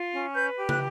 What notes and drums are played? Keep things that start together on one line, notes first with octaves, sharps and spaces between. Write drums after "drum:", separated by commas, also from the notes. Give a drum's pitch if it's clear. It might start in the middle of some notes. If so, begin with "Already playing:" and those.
Already playing: F4
C#4
B4 G6
G4
F#6, drum: tom